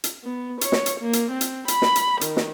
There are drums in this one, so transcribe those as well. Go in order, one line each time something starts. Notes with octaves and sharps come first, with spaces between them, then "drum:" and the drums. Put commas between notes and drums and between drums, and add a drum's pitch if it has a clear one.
drum: hi-hat
B3
C#5, drum: hi-hat
drum: snare
drum: hi-hat
A#3
drum: hi-hat
C4
drum: hi-hat
B5, drum: hi-hat
drum: snare
drum: hi-hat
D#3, drum: hi-hat
drum: snare